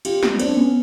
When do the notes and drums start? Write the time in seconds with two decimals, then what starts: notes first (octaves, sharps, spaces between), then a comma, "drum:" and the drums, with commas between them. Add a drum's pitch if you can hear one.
0.05 F4 G4, drum: cymbal
0.23 drum: snare
0.40 C4 D4, drum: cymbal
0.57 B3 C#4